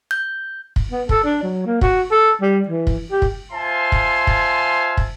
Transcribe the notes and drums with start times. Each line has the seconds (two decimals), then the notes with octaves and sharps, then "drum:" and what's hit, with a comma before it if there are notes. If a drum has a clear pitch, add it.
0.11 G6
0.76 drum: kick
0.91 B3
1.09 A4, drum: kick
1.24 D4
1.42 F#3
1.66 A#3
1.81 F#4, drum: kick
2.11 A4
2.41 G3
2.68 E3
2.87 drum: kick
3.12 G4
3.22 drum: kick
3.52 F4 C5 E5 G#5 A5 C6
3.92 drum: kick
4.27 drum: kick
4.97 drum: kick